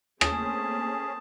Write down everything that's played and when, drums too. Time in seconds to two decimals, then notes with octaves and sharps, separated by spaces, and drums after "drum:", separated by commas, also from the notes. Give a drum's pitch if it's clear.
0.21 A3 A#3 C4 C#4 G#4 A5 D#6, drum: rim click